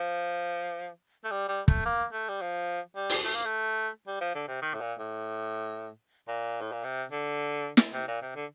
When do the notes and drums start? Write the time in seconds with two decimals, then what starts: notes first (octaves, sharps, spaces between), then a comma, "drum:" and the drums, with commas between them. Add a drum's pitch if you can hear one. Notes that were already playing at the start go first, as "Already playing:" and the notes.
Already playing: F3
1.24 A3
1.31 G3
1.48 G3
1.68 A3, drum: kick
1.85 A#3
2.13 A3
2.29 G3
2.41 F3
2.96 G3
3.09 drum: open hi-hat
3.24 A3
3.35 A#3
3.45 A3
4.07 G3
4.21 F3
4.35 D3
4.48 C3
4.62 D#3
4.74 A2
4.81 A#2
4.99 A2
6.28 A#2
6.61 A2
6.72 A#2
6.84 C3
7.12 D3
7.77 drum: snare
7.94 C3
8.08 A#2
8.22 C3
8.36 D3